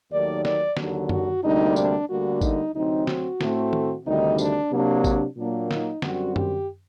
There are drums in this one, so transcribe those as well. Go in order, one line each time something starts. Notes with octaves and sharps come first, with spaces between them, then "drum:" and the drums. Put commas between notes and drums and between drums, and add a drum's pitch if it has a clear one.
D#2 D#3 F#3 A3 D5
D5, drum: snare
D#2 D3 F#3, drum: snare
F#4, drum: tom F#2
D2 C3 G3 A#3 D4 D#4
D4, drum: tambourine
D2 D3 G3 A#3 F#4
D#4, drum: kick G#1, tambourine
D2 C3 F#3 C4 D#4
F#4, drum: snare
A2 A3 C4, drum: snare
drum: tom D#3
D2 C3 D#3 G3 D#4
D4, drum: tambourine
C3 F#3 A#3 D4
drum: kick G#1, tambourine
A#2 F#3 A#3 D4
D#4, drum: snare
F#2 D3 G3 C4 F#4, drum: snare
G4, drum: tom F#2